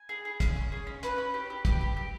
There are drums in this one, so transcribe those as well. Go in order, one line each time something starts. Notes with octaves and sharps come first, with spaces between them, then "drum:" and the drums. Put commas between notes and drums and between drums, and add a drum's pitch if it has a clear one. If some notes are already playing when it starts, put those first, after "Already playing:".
Already playing: G#5
G#4
G#4
C#4, drum: kick, hi-hat
C#4
G#4
C#4
C#4 B4, drum: hi-hat
C#4
G4
G4
G4, drum: kick, hi-hat
G4
G4